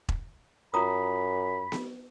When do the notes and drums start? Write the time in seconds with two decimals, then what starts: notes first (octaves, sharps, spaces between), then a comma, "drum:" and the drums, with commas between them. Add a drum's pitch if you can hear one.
0.09 drum: kick E1
0.74 F#2 F4 A#5 B5 D#6
1.72 drum: snare B3